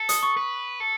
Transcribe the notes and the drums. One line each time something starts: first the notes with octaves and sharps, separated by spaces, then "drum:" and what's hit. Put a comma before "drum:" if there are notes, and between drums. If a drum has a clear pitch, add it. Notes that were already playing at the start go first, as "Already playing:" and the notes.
Already playing: A4
D#6, drum: hi-hat
C#6
B4
A4